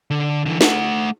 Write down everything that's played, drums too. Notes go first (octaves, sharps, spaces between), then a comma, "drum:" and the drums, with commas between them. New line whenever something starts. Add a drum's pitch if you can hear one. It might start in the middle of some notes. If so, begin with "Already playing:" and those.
D3
D3 E3
A3 F#5, drum: snare